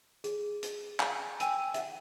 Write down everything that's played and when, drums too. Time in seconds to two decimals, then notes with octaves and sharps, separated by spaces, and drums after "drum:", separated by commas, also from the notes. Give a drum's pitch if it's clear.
0.24 G#4, drum: hi-hat
0.63 drum: hi-hat
1.00 drum: clap
1.40 G5 G#5 E6 D#7, drum: hi-hat
1.74 E5 F#5, drum: hi-hat